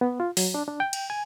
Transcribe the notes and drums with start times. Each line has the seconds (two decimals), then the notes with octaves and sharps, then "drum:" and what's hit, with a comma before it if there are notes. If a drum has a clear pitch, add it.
0.01 B3
0.20 F4
0.37 F#3, drum: open hi-hat
0.54 D4
0.68 D4
0.80 G5
0.93 drum: cymbal
1.10 G#5